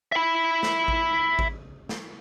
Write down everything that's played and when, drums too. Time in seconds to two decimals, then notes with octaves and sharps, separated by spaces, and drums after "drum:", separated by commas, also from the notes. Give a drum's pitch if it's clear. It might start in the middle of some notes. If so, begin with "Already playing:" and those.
0.12 E5 B5
0.63 drum: snare
0.88 drum: kick A1
1.39 drum: kick A1
1.89 drum: snare